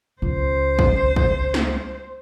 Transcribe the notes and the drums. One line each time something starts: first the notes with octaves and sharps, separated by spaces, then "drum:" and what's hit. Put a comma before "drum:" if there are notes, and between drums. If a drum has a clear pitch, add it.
C#2 C5
drum: kick
drum: kick
drum: snare